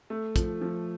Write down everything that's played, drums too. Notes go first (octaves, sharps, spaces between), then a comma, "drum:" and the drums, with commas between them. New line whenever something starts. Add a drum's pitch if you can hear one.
A3
F3, drum: kick, hi-hat
F3